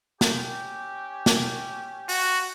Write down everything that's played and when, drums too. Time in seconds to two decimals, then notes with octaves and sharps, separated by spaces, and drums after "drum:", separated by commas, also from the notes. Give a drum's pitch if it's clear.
0.21 C#4 G4, drum: snare
1.26 drum: snare
2.09 F#4, drum: open hi-hat